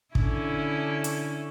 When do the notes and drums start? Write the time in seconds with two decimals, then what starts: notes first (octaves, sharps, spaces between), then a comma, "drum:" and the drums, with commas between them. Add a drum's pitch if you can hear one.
0.15 D3 C#4 E4, drum: kick
1.04 drum: hi-hat